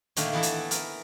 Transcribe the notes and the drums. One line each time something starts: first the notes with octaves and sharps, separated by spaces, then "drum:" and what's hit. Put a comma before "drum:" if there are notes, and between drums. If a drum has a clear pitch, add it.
A#2 D3 D#3 A3 A#3, drum: hi-hat
E3 B3 E4 A4
drum: hi-hat
A#4, drum: hi-hat